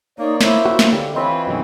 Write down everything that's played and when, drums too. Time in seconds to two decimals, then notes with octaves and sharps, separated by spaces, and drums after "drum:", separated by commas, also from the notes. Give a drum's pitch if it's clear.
0.19 A#3 D#4 C#5 D5
0.41 E4 C5 C#5, drum: snare
0.66 F#4
0.79 drum: snare
0.93 D3 G4
1.15 E3 C4 F4 B4 C#5 D#5 B5 C6
1.47 F#2 B2 D#3 F#4 G#4